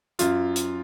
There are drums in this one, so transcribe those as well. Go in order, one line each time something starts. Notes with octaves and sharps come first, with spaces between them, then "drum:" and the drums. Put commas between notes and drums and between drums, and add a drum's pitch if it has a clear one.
F#2 F4, drum: hi-hat
drum: hi-hat